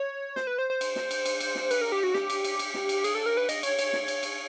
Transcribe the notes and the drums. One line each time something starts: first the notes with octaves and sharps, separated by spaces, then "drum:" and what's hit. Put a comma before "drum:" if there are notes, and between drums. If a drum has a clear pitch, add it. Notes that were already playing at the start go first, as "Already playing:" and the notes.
Already playing: C#5
C5, drum: snare
B4
C5
C5
drum: cymbal
drum: snare
drum: cymbal
drum: cymbal
drum: cymbal
drum: snare
B4, drum: cymbal
A#4
G4
F#4
G4, drum: snare
drum: cymbal
drum: cymbal
drum: cymbal
drum: snare
drum: cymbal
G#4, drum: cymbal
A4
A#4
B4
D#5, drum: cymbal
C#5, drum: cymbal
C#5, drum: cymbal
drum: snare
drum: cymbal
drum: cymbal